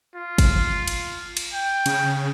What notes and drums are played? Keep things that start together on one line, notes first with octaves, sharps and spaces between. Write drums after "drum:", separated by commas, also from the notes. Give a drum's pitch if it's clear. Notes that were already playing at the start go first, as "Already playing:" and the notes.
F4
drum: kick, cymbal
drum: cymbal
drum: cymbal
G5
C#3, drum: cymbal